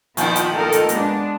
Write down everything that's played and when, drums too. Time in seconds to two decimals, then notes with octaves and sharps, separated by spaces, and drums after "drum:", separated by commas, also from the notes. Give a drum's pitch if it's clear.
0.17 A#2 D#3 F3 B3 E4, drum: hi-hat
0.36 drum: hi-hat
0.55 A4 A#4 D#5
0.72 drum: hi-hat
0.89 G#3 B3 D4, drum: hi-hat